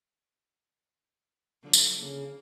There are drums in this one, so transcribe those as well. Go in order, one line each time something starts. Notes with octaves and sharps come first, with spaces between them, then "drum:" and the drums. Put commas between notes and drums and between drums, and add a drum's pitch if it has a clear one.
D3 F3 F#3
drum: tambourine
C#3 A#3